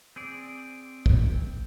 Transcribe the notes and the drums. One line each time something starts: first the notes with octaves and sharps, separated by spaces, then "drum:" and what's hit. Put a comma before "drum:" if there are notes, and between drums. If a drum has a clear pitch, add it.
C4 G#4 D5
drum: kick